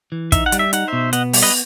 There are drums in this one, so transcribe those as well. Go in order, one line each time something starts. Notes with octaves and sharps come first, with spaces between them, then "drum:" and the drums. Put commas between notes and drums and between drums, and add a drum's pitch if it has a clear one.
E3
D#4 E5, drum: kick, hi-hat
F#5
G3, drum: hi-hat
E5
D#4 F#5, drum: hi-hat
B2 C5 E5
B3 D#5 F#5, drum: hi-hat
G3, drum: open hi-hat
B4 D#5